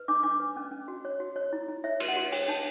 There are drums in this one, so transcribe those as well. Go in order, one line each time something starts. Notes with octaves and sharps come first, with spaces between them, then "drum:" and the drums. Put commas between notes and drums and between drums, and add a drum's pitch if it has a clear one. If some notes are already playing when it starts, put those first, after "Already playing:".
Already playing: B4
D4 D6
D4 D6
B4
C#4
C#4
F#4
C#5
F#4
C#5
E4
E4
C#5 E5
F#4, drum: cymbal
F#5
F#4
C#5 G5, drum: open hi-hat
D4 A5